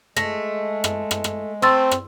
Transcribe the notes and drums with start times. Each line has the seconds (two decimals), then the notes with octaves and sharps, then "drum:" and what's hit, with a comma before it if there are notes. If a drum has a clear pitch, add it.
0.17 G#3 A3 A#6, drum: rim click
0.84 drum: rim click
1.11 drum: rim click
1.24 drum: rim click
1.62 A3 C4 C6 E6 A6
1.92 drum: rim click